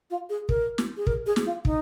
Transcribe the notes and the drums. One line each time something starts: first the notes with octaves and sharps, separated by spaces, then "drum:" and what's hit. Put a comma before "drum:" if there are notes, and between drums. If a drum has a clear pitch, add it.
F4
G#4
A#4, drum: kick
drum: snare
G#4
A#4, drum: kick
G#4
drum: snare
F4
D#4, drum: kick